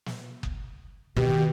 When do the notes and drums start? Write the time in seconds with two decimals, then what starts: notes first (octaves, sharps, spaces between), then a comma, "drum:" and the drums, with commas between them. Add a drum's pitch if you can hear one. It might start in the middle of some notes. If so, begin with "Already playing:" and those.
0.06 drum: snare
0.43 drum: kick F#1
1.17 B2 D#3 G4